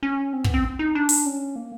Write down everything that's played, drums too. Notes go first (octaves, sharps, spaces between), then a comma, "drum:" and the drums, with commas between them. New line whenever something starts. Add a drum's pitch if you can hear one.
C#4
C4
B3, drum: kick
C4
D#4
D4
drum: open hi-hat
C#4
A#3